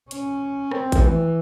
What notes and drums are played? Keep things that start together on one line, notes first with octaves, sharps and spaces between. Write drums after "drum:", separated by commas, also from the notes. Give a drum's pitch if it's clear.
C#4, drum: hi-hat
C4, drum: rim click
drum: kick A1, hi-hat
E3